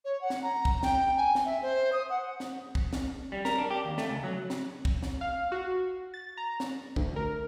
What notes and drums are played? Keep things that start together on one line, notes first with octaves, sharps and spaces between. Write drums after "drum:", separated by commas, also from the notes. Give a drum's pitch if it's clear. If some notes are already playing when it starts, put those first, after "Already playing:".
C#5
F#5
drum: snare
A#5
drum: kick
G5, drum: snare
G#5
drum: snare
E5
C5
D#6
F#5
drum: snare
drum: kick
drum: snare
G3
A#4, drum: snare
D4
G4
D#2
A3, drum: snare
C#2
F#3
drum: snare
drum: kick
drum: snare
F5
F#4
A6
A#5
drum: snare
D2, drum: kick
A#4